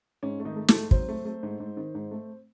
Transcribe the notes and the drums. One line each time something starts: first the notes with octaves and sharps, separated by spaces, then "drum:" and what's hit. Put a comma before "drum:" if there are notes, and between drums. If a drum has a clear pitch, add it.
G#2 C#4
A3
D#3 D#4
A3
A3 A4, drum: snare
G#2
F#3 C4 C5, drum: kick
A3
A3
G#2
G#2
D#3
G#2
A3